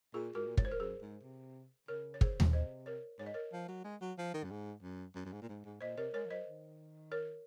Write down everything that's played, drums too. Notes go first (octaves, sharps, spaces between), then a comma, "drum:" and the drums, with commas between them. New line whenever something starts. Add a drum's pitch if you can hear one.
A#2 F4 G#4
G#2 F#4 A#4
A#2
G#2 C#5, drum: kick
C5
A#4
F#2 G#4 C5
G#2
C3
C#3 A#4 C#5
C#5
G#4 C5, drum: kick
drum: tom D#2
C3 C5 D#5
A#4 C#5
G#2 C#5
D#5
A#4 C#5
F3
F#3
G#3
F#3
F3
D#3
F#2
G#2
F#2
F#2
F#2
G#2
A#2
G#2
G#2
A#2 C5 D#5
C3 A#4 C#5
G#3 A#4 C#5
F3
F#3 C5 D#5
D#3
A#4 C#5